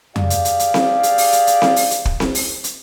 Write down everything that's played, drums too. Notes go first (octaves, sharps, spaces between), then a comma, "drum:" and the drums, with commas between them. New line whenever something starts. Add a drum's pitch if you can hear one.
G4 G#4 D5 F5, drum: tom F2
drum: hi-hat
drum: hi-hat
drum: hi-hat
drum: snare C4
drum: hi-hat
drum: open hi-hat
drum: hi-hat
drum: hi-hat
drum: snare C4
drum: open hi-hat
drum: hi-hat
drum: kick
drum: snare C4
drum: open hi-hat
drum: hi-hat